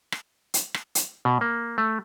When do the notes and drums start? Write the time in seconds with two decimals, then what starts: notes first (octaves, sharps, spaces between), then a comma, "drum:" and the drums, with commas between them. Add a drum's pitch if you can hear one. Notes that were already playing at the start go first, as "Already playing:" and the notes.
0.12 drum: rim click
0.54 drum: hi-hat
0.74 drum: rim click
0.95 drum: hi-hat
1.25 B2
1.41 A#3
1.78 A3